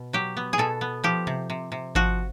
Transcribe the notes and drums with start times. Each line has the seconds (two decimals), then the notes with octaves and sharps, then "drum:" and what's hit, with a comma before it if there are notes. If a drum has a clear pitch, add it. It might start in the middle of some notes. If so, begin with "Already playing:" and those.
Already playing: B2
0.13 F#3 G4
0.37 B3
0.53 G#4
0.58 B2 A4
0.81 B3
1.04 F3 G4
1.27 C3, drum: tom C3
1.50 C3
1.72 C3
1.95 F3 F#4, drum: kick G#1